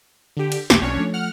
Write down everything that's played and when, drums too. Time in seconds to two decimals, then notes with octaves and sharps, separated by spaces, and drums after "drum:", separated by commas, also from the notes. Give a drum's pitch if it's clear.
0.37 D3 G4
0.52 drum: cymbal
0.70 B1 E2 B2 G4, drum: snare
0.82 B1 C#4 D4 C#5
0.97 F3 A3
1.14 F#5 F6